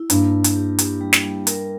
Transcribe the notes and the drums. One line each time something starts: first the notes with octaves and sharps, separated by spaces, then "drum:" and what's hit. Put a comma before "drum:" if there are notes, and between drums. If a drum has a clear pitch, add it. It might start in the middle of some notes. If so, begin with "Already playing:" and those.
Already playing: E4
G2 A#3, drum: hi-hat
A#3
drum: hi-hat
G4
G4, drum: hi-hat
G3
drum: snare
G3
A#4, drum: hi-hat